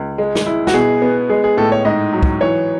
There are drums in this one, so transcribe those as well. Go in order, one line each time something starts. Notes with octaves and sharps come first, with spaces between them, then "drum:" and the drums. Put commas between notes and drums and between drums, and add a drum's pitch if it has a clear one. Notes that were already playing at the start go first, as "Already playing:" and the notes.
Already playing: C#2
G#3
drum: snare
E4
F#4, drum: snare
B2 G#4
B3
G#3 G#4
G#4
A2 A4
C#5
G#2 D#5
F#3
drum: kick
E3 C#5